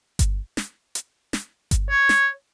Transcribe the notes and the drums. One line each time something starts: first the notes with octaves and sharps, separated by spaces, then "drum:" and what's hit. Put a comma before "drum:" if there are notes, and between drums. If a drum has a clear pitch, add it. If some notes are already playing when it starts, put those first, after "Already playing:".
drum: kick G1, hi-hat
drum: snare
drum: hi-hat
drum: snare
drum: kick G1, hi-hat
C#5
drum: snare